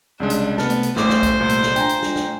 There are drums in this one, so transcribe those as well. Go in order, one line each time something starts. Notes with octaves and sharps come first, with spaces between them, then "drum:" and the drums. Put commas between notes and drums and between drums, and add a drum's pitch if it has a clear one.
C2 C#3 G#3 D4
drum: hi-hat
C3 A3 B3 A5 F6, drum: snare
drum: hi-hat
drum: hi-hat
A1 A2 A3 C5 D6, drum: snare
drum: snare
drum: kick A#1, hi-hat
C2 A#2
drum: hi-hat
drum: snare
D4 F4 G5 G#5 A#5, drum: hi-hat
drum: hi-hat
drum: snare
drum: snare